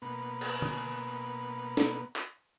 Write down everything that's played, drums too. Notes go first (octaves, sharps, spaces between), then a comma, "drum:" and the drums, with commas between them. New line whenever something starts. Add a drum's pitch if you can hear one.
B2 A#3 B3
drum: cymbal
drum: tom D3
drum: snare
drum: clap